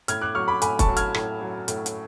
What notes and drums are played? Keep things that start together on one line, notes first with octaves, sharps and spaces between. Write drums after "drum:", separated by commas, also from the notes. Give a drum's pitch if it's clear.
A2 F6 G#6, drum: hi-hat
D6 F#6
F#3 C#6 F6
B5 D6
A2 G#5 B5, drum: hi-hat
A5 C#6, drum: kick, hi-hat
F#3
F6 G#6, drum: hi-hat
A2, drum: rim click
F#3
A2, drum: hi-hat
drum: hi-hat